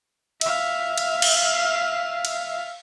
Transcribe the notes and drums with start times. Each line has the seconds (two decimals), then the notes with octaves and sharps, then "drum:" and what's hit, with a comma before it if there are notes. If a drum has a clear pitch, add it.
0.41 E5 F5, drum: cymbal
0.98 drum: cymbal
1.22 drum: cymbal
2.25 drum: cymbal